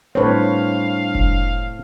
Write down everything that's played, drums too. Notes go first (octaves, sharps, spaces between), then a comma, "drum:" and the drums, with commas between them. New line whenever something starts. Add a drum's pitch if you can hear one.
A2 G3 C4 D4 B4 C#5 F5
drum: kick F1